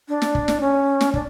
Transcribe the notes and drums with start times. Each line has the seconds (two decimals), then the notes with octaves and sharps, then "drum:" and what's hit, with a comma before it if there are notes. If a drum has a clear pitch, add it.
0.09 D4
0.22 drum: snare
0.35 drum: kick
0.48 drum: snare
0.61 C#4
1.01 drum: snare
1.14 D4, drum: kick